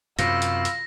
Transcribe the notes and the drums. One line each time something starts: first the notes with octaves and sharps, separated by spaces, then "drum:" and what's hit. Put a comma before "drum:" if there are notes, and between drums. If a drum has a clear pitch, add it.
F#2 C3 F4 B5 E6 A#6, drum: hi-hat
drum: hi-hat
drum: hi-hat